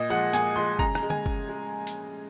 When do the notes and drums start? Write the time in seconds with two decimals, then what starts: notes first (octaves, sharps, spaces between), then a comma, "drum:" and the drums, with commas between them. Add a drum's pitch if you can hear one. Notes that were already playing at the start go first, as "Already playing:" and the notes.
Already playing: A#2 D#5
0.10 F3 G#3 F#5
0.33 A#2 G#5, drum: hi-hat
0.56 F3 G#3 C6
0.79 C#3 A#5, drum: kick
0.95 A#5, drum: rim click
1.03 G#3
1.10 G#5, drum: tom D3
1.26 C#3, drum: kick
1.49 G#3
1.87 drum: hi-hat